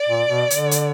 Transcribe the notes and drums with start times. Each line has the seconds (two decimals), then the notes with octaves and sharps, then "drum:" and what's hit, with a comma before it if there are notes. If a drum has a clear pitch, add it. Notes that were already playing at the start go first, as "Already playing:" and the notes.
Already playing: D5
0.09 A#2
0.29 B2
0.50 D3, drum: hi-hat
0.71 drum: hi-hat